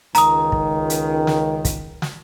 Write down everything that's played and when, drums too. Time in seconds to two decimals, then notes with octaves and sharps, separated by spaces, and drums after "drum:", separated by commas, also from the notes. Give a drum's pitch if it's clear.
0.15 C#2 D#3 A#5 D#6, drum: hi-hat
0.52 drum: kick
0.90 drum: hi-hat
1.27 drum: snare
1.65 drum: kick, hi-hat
2.02 drum: snare